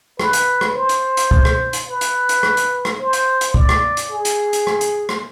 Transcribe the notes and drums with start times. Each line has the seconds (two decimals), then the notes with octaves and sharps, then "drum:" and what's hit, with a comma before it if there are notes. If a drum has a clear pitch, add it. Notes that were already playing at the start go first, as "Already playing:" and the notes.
0.20 B4, drum: rim click
0.33 drum: hi-hat
0.61 drum: rim click
0.75 C5
0.89 drum: hi-hat
1.17 drum: hi-hat
1.31 drum: kick
1.45 drum: rim click
1.73 drum: hi-hat
1.87 B4
2.01 drum: hi-hat
2.29 drum: hi-hat
2.43 drum: rim click
2.57 drum: hi-hat
2.85 drum: rim click
2.99 C5
3.13 drum: hi-hat
3.41 drum: hi-hat
3.54 D5, drum: kick
3.69 drum: rim click
3.97 drum: hi-hat
4.11 G#4
4.25 drum: hi-hat
4.53 drum: hi-hat
4.67 drum: rim click
4.81 drum: hi-hat
5.09 drum: rim click